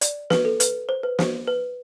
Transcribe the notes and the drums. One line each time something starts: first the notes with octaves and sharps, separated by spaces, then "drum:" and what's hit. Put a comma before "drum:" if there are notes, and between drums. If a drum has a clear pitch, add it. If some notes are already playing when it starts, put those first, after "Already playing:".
D5, drum: hi-hat
B4, drum: snare
A4
B4, drum: hi-hat
C5
B4
C5, drum: snare
B4